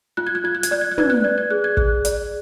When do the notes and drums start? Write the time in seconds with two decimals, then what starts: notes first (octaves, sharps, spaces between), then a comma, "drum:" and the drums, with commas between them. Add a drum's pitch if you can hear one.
0.17 F4 F#6
0.27 G#6
0.35 F#6
0.44 F4 G#6
0.55 F#6
0.63 G#6, drum: hi-hat
0.71 D5 F#6
0.81 G#6
0.91 F#6
0.98 B4 G#6, drum: tom
1.10 F#6
1.24 D5 G#6
1.38 G#6
1.50 G#4 F#6
1.64 G#6
1.77 G#4 F#6, drum: kick
2.05 D5, drum: hi-hat